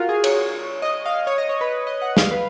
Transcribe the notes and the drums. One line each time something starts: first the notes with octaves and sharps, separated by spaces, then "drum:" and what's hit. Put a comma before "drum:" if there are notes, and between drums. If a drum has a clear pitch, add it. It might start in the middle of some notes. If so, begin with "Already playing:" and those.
Already playing: F4 F#4 A#4 F5
G#4
C#5, drum: cymbal
D#5
F5
C#5
D#5
C#5
B4
D#5
F#5
F5, drum: snare
B4